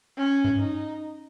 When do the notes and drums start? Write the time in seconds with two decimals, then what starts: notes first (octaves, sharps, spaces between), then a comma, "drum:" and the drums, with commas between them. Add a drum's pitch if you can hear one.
0.17 C#4
0.44 drum: tom G2
0.59 D#4